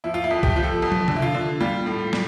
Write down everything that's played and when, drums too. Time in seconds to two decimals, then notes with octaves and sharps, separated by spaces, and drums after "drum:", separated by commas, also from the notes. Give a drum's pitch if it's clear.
0.04 F3 E4
0.14 F4
0.24 E4
0.31 F2
0.43 G4, drum: kick B1
0.56 F3
0.63 A4
0.82 F2
0.92 drum: tom
1.08 D3, drum: tom C3
1.16 E4
1.22 F4
1.34 D3
1.60 G3 F4
1.86 A2
2.13 G3, drum: snare